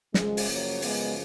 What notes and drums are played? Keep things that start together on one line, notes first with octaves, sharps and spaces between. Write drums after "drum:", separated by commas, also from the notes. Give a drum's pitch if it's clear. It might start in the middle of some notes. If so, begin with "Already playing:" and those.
F#2 C#3 F3 G#3, drum: snare
drum: open hi-hat
F#3 A#3
G#3 B3, drum: open hi-hat